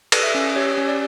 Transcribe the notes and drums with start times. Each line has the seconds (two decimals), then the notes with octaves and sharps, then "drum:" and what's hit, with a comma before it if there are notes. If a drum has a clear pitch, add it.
0.12 A4, drum: cymbal
0.23 E5
0.35 C#4
0.56 G4 C#5
0.77 C#4
0.88 D5